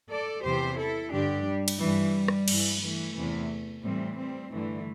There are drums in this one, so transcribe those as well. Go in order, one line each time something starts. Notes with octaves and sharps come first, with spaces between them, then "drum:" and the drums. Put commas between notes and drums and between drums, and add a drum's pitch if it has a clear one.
A4 D5
E2 C3 E3 G4 C5
E4 A4
G2 D3 D4 G4
G3
drum: cymbal
G2 E3 G3
drum: rim click
G2 E3, drum: cymbal
E3 A3
E2 C3 E3
A2 E3 G3 C4
G3 C4
G2 D3 E3 A3